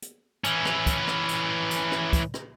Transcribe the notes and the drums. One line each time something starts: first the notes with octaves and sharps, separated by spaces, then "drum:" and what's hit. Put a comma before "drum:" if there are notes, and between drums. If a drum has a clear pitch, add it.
drum: hi-hat
E3 C#4, drum: hi-hat
drum: rim click
drum: kick, hi-hat
drum: rim click
drum: hi-hat
drum: hi-hat
drum: rim click
drum: kick, hi-hat
drum: rim click